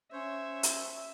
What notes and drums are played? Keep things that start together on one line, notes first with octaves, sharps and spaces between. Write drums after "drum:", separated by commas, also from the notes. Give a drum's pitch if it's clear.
C#4 C5 C#5 E5
drum: hi-hat